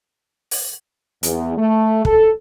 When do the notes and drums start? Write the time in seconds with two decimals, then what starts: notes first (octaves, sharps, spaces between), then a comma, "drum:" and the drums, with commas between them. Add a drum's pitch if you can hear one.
0.51 drum: open hi-hat
1.23 E2, drum: hi-hat
1.57 A3
2.05 A4, drum: kick